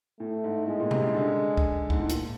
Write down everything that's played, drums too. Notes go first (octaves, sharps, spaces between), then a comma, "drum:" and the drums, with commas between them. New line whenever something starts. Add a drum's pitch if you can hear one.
A2 A3
G#2
A2 G#3
A#2
C3, drum: tom C3
C#3
D3
drum: kick
G#2, drum: kick
A2
A#2, drum: hi-hat